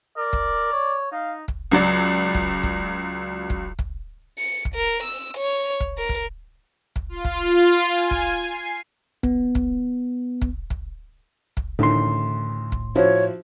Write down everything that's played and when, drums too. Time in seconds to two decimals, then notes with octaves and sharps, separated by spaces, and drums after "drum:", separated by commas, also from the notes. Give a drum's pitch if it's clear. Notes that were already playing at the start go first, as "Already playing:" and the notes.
0.17 A#4 D5
0.33 drum: kick
0.73 C#5
1.12 D#4 F5
1.48 drum: kick
1.71 C#2 F#3 D5
2.35 drum: kick
2.63 drum: kick
3.50 drum: kick
3.79 drum: kick
4.38 C#7
4.65 drum: kick
4.75 A#4
5.03 E6
5.37 C#5
5.80 drum: kick
5.98 A#4
6.09 drum: kick
6.96 drum: kick
7.09 F4
7.24 drum: kick
7.90 G#5
8.11 drum: kick
8.36 C7
9.23 B3, drum: kick
9.55 drum: kick
10.41 drum: kick
10.70 drum: kick
11.57 drum: kick
11.79 A1 D2 A2 D#3 C6
12.72 drum: kick
12.96 F3 E4 F#4 C#5